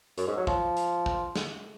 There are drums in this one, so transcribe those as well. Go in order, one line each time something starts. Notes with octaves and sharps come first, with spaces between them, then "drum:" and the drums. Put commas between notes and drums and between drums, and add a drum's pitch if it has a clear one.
F#2, drum: hi-hat
G#2
F#3
F3, drum: kick
drum: hi-hat
drum: kick
drum: snare